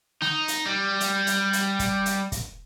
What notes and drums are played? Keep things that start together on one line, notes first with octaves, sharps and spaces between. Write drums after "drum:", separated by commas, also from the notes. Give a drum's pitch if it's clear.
D#4, drum: snare
drum: hi-hat
G3
drum: hi-hat
drum: hi-hat
drum: hi-hat
drum: kick, hi-hat
drum: hi-hat
drum: kick, hi-hat